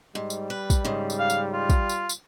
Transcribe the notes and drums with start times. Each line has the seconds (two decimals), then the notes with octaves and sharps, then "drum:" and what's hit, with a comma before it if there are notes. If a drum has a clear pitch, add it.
0.15 G#2 G3
0.30 drum: tambourine
0.50 B4
0.70 drum: kick, tambourine
0.85 G#2 C#3
1.10 drum: tambourine
1.19 F5
1.30 drum: tambourine
1.53 F4
1.70 drum: kick, tambourine
1.89 drum: tambourine
2.09 drum: tambourine